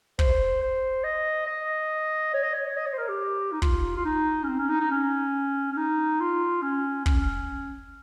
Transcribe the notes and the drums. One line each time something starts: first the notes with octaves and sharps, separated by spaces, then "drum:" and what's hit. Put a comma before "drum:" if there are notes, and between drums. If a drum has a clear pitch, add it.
C5, drum: kick
C5
D#5
D#5
C#5
D#5
C#5
C#5
D#5
C#5
C5
A#4
G4
D#4
F4, drum: kick
F4
D#4
C#4
C4
C#4
D#4
D#4
C#4
C#4
D#4
F4
C#4
C#4, drum: kick